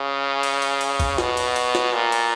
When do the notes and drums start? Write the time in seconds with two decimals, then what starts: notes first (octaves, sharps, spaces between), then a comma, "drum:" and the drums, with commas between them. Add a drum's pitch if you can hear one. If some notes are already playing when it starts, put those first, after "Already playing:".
Already playing: C#3
0.43 drum: cymbal
0.62 drum: cymbal
0.81 drum: cymbal
1.00 drum: kick A1, cymbal
1.18 B2, drum: snare
1.37 drum: cymbal
1.56 drum: cymbal
1.75 drum: snare
1.94 A#2
2.12 drum: cymbal